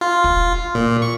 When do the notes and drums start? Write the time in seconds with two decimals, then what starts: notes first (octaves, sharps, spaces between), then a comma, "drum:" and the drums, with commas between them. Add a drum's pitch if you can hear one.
0.01 F4
0.24 drum: kick
0.75 A#2
1.02 C#6